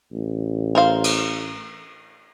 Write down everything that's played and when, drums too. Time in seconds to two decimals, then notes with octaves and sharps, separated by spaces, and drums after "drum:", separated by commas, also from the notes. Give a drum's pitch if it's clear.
0.12 A1
0.75 A#4 C5 F5
1.04 drum: cymbal